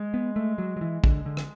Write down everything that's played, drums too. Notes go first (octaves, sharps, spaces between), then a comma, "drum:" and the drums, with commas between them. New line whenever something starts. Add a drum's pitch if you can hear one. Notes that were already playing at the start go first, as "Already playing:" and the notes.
Already playing: G#3
B3
A3
F#3
F#3
E3
D3, drum: kick
D3
drum: rim click